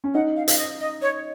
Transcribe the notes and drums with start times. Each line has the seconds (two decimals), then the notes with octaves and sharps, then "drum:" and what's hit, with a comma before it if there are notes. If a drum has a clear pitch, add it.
0.04 C#4
0.14 D#4 F#5
0.36 F5
0.48 F5, drum: hi-hat
0.58 D#5
0.80 D#5
1.02 C#5